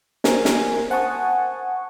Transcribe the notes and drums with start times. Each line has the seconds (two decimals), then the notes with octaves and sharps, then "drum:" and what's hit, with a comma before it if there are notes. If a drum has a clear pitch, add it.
0.24 A#4 C5 G#5, drum: snare
0.45 drum: snare
0.90 C5 F#5 G#5 A5 C#6 D#6